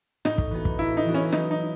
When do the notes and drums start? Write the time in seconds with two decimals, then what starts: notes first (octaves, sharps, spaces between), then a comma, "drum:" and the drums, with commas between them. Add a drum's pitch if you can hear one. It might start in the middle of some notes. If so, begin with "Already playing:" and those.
0.25 A2 D#4, drum: rim click
0.38 drum: kick
0.51 E3 B3 F#4
0.65 drum: kick
0.79 A2 E4
0.97 D#4
1.05 E3 B3 F#4
1.15 C#4
1.32 F#3 D#4, drum: rim click
1.51 D#4
1.60 E4